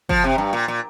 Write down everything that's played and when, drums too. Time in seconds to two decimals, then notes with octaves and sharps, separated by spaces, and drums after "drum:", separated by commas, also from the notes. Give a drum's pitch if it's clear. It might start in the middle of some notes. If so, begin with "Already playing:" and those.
0.09 F3, drum: kick F#1
0.24 C3
0.38 G2
0.53 A#2
0.68 A#2